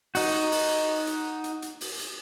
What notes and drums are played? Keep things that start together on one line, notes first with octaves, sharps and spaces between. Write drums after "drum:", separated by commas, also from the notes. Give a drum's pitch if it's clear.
D#4 F#4, drum: open hi-hat
drum: open hi-hat
drum: hi-hat
drum: hi-hat
drum: hi-hat
drum: open hi-hat
drum: hi-hat